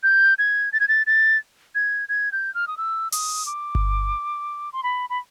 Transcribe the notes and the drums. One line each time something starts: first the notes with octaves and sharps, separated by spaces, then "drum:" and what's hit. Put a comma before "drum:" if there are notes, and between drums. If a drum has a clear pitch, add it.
G6
G#6
A6
G#6
A6
A6
G#6
G#6
G6
F6
D#6
E6
D#6, drum: open hi-hat
D6
drum: kick G1
C6
B5
B5